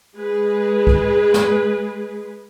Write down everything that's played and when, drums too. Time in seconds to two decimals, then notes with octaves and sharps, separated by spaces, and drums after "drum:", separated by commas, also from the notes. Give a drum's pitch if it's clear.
0.17 G#3 G#4 B4
0.87 drum: kick
1.34 drum: snare